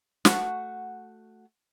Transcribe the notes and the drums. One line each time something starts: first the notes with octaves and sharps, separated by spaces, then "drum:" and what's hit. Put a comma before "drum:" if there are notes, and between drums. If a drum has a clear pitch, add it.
A3 F#4 F#5, drum: snare